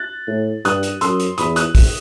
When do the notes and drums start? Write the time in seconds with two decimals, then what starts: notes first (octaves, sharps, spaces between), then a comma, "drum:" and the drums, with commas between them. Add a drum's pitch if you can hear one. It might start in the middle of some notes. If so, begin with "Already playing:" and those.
Already playing: F#6 A6
0.27 A2
0.65 G2 D#6 F#6, drum: hi-hat
0.83 drum: hi-hat
1.01 F#2 C6 E6, drum: hi-hat
1.20 drum: hi-hat
1.38 E2 B5 D#6, drum: hi-hat
1.56 D#6 F#6, drum: hi-hat
1.75 drum: kick, open hi-hat